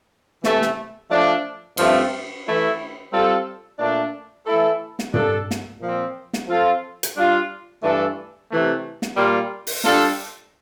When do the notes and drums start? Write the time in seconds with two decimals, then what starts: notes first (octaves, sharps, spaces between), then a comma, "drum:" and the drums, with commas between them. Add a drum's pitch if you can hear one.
0.44 C3 E3 A3, drum: snare
0.62 drum: snare
1.11 F3 A3 D4
1.77 G2 F3 A3 C4, drum: cymbal
2.45 E3 A3 E4
3.12 G3 C4 F4 A4
3.78 A#2 A3 D4
4.46 E3 A3 E4 A4
4.99 drum: snare
5.14 G3 D4 A4, drum: tom
5.51 drum: snare
5.81 A#2 F3 C4
6.33 drum: snare
6.47 F3 C4 F4 A4
7.03 drum: hi-hat
7.15 G3 D4 F4
7.82 G2 E3 A3 D4 A4
8.49 C3 E3 A3
9.02 drum: snare
9.16 A#2 G3 A#3 F4
9.67 drum: open hi-hat
9.84 G3 D4 F4 A4, drum: snare